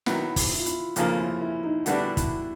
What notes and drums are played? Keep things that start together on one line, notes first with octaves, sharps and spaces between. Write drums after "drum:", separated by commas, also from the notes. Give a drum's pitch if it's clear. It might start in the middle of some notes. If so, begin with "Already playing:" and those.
D#3 F#3 B3 E4, drum: snare
drum: kick, open hi-hat
E4
F4
E4, drum: hi-hat
F2 C#3 F3 A#3 F4, drum: hi-hat
E4
E4
D#4
D3 G3 B3 D4 E4 F#4, drum: hi-hat
E4, drum: kick, hi-hat